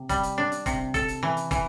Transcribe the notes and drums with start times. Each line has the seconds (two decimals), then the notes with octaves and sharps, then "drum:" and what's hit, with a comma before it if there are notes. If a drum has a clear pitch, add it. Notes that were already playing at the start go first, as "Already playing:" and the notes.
Already playing: C3
0.09 G3, drum: kick, hi-hat
0.23 drum: hi-hat
0.38 D4
0.52 drum: hi-hat
0.66 C3, drum: kick, hi-hat
0.94 A4, drum: kick, hi-hat
1.08 drum: hi-hat
1.23 E3
1.37 drum: hi-hat
1.51 E3, drum: kick, hi-hat